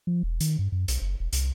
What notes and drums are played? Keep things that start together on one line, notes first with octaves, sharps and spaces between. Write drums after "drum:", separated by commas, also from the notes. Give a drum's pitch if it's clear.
F3
E1
D#3, drum: hi-hat
G2
F#2
B1, drum: hi-hat
F#1
E1
C2, drum: hi-hat